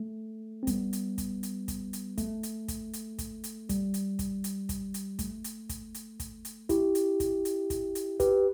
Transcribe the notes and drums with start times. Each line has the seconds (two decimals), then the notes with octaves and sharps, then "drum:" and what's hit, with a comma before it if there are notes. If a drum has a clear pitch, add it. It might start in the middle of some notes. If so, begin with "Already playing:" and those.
Already playing: A3
0.63 C4
0.67 G3 B3, drum: kick, hi-hat
0.93 drum: hi-hat
1.18 drum: kick, hi-hat
1.43 drum: hi-hat
1.68 drum: kick, hi-hat
1.93 drum: hi-hat
2.18 A3, drum: kick, hi-hat
2.43 drum: hi-hat
2.68 drum: kick, hi-hat
2.93 drum: hi-hat
3.19 drum: kick, hi-hat
3.44 drum: hi-hat
3.69 G3, drum: kick, hi-hat
3.94 drum: hi-hat
4.19 drum: kick, hi-hat
4.44 drum: hi-hat
4.69 drum: kick, hi-hat
4.94 drum: hi-hat
5.19 A3, drum: kick, hi-hat
5.44 drum: hi-hat
5.69 drum: kick, hi-hat
5.94 drum: hi-hat
6.20 drum: kick, hi-hat
6.45 drum: hi-hat
6.69 E4 G4, drum: kick, hi-hat
6.95 drum: hi-hat
7.20 drum: kick, hi-hat
7.45 drum: hi-hat
7.70 drum: kick, hi-hat
7.95 drum: hi-hat
8.20 G4 B4, drum: kick, hi-hat